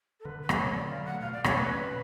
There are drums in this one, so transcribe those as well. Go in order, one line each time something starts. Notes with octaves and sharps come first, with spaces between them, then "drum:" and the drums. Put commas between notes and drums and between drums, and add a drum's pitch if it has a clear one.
A4
D3 B4
B4
F#3 A3, drum: rim click
C#5
D3 D5
F5
F#3 A3
F#5
B2 F5
D5
A3 C#4 C#5, drum: rim click
B4
B2